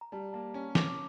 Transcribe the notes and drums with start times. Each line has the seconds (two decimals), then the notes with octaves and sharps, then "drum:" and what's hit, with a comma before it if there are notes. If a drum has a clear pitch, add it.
0.01 A#5
0.12 G3 A5
0.33 A#3 A5
0.54 C#4
0.75 C#4 D6, drum: snare